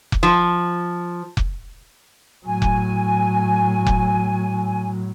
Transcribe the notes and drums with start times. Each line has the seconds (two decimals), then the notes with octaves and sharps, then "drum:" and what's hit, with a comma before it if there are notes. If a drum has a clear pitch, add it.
0.12 drum: kick F1
0.23 F3
1.37 drum: kick F1
2.46 A2 F#3 G#5
2.62 drum: kick F1
3.86 drum: kick F1